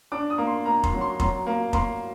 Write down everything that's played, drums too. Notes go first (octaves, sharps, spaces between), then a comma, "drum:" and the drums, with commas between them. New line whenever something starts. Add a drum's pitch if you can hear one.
D4 D6
D#6
A#3
C6
A#3 A#5
C6, drum: kick F1
F#3
C6
F#3 C6, drum: kick F1
A#3
A#3 C6, drum: kick F1